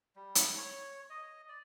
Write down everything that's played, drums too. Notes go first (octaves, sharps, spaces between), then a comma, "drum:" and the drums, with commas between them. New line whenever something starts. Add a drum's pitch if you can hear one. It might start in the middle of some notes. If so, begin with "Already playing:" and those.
G3
drum: hi-hat
C#5
D#5
D5